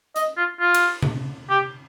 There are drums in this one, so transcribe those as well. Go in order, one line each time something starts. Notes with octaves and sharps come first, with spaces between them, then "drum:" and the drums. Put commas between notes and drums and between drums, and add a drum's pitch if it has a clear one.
D#5, drum: hi-hat
F4
F4
drum: cymbal
drum: tom C3
G4